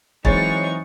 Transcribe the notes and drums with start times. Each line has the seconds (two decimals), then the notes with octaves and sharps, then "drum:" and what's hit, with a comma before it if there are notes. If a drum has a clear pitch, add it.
0.25 E3 F#3 G#3 C4 D#4 C#5 C#6 A6, drum: kick